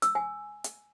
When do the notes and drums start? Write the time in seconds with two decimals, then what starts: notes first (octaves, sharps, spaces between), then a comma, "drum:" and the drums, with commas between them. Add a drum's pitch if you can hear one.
0.02 E6, drum: hi-hat
0.15 G#5
0.64 drum: hi-hat